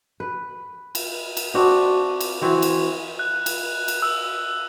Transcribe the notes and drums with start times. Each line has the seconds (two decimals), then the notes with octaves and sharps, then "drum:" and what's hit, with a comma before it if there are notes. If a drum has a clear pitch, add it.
0.20 B4
0.95 drum: cymbal
1.37 drum: cymbal
1.54 C4 D4 F#4
2.21 drum: cymbal
2.41 E3 C4 F#4
2.62 drum: cymbal
3.19 F#6
3.46 drum: cymbal
3.88 drum: cymbal
4.02 E6